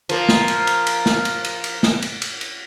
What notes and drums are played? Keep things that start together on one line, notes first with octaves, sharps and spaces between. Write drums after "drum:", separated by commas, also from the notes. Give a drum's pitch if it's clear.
F3 A#3, drum: cymbal
drum: snare
drum: cymbal
drum: cymbal
drum: cymbal
drum: snare
drum: cymbal
drum: cymbal
drum: cymbal
drum: snare
drum: cymbal
drum: cymbal
drum: cymbal